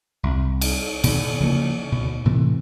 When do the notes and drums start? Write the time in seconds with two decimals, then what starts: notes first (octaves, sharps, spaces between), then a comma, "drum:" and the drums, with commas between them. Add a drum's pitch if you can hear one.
0.23 C2
0.61 drum: cymbal
1.04 B2 D#3, drum: cymbal
1.40 C#3 F3 A#3
1.92 D2 B2
2.25 A2 C3 E3 A3